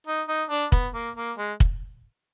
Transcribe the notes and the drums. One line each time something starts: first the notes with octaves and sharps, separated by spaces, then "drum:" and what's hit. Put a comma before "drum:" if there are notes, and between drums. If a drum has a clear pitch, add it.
D#4
D#4
D4
B3, drum: kick
A#3
A#3
G#3
drum: kick